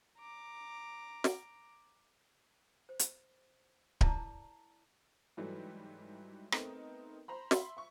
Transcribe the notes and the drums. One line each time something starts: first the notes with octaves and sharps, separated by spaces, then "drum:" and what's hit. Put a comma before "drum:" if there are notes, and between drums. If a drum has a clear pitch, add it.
A#5 D6
drum: snare
C5
drum: hi-hat
E4 A#4 D5 A5 A#5 D6, drum: kick D1
G#2 E3 F#3 G3 A3
A3 B3 C4 D#4 A#4, drum: rim click
C5 A#5 B5
E5 B5 C6, drum: snare
E5 C#6